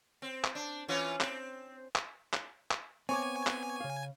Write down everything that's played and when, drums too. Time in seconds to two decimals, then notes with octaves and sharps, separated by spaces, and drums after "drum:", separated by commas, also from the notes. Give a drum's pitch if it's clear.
0.22 C4
0.44 drum: clap
0.55 D4
0.88 E3 C#4 F4
1.20 C4, drum: clap
1.96 drum: clap
2.33 drum: clap
2.71 drum: clap
3.09 B3 C4 C#5 G#5 C#6 D6
3.47 drum: clap
3.81 C#3 F5